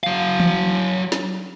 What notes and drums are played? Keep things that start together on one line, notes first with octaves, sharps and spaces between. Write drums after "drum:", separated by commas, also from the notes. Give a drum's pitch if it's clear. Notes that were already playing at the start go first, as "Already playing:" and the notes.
F#3 F5
drum: tom E3
drum: snare